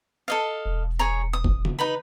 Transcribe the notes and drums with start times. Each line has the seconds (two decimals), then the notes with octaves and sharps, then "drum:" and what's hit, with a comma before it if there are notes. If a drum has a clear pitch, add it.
0.28 A4 D#5 F5
0.66 E1
0.99 G#4 C#5 A#5
1.33 D#6
1.44 drum: kick F#1
1.65 drum: tom C#3
1.79 D#4 B4 B5